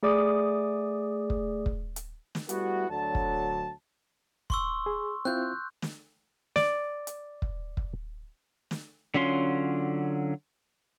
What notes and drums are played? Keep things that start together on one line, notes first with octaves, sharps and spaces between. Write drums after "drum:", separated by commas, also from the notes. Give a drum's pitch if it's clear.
A3 G#4 D5 D6 D#6
drum: kick
drum: kick
drum: hi-hat
drum: snare
G3 A3 B3 E4 F#4, drum: hi-hat
D2 D3 F#3 A5
drum: kick
C6 C#6 E6, drum: kick
G#4
C4 E4 F4 F#6 G6
drum: snare
D5, drum: snare
drum: hi-hat
drum: kick
drum: kick
drum: snare
D3 F#3 C#4 F4 C6